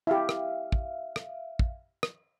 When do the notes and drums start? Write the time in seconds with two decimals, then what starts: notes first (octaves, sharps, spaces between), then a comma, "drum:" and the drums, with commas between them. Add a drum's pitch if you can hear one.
0.07 E4 G4 E5 F5
0.29 drum: rim click
0.72 drum: kick
1.16 drum: rim click
1.59 drum: kick
2.03 drum: rim click